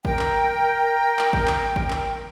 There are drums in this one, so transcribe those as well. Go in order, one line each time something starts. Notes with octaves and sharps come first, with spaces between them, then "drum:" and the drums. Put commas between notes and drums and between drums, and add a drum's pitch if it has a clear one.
A#4 G5, drum: kick G#1
drum: clap
drum: clap
drum: kick G#1
drum: clap
drum: kick G#1
drum: clap